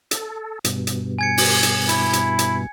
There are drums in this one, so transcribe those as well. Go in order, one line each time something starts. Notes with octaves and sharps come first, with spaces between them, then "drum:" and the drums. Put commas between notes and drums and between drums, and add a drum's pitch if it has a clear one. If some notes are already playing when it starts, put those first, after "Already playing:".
A4, drum: hi-hat
G2 B2, drum: hi-hat
drum: hi-hat
G#5 G#6 C#7
drum: open hi-hat
drum: hi-hat
E4, drum: hi-hat
drum: hi-hat
drum: hi-hat